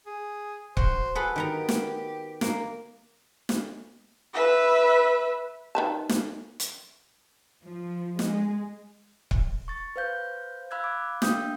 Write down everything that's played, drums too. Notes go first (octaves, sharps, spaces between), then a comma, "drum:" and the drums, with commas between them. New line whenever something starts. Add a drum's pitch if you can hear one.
G#4
F#4 C5, drum: kick C#1
G#4 A4 B4 F#5
D#3 B3 G4 A#5
drum: snare
A#3, drum: snare
drum: snare
B4 E5
D#3 B4 A5
drum: snare
drum: hi-hat
F3
G#3, drum: snare
drum: kick C#1
C#6 A6
B4 C5 F5 G6
F5 B5 E6 F#6 G#6
D6
A#3 D4 F5 G5 D#6 G6, drum: snare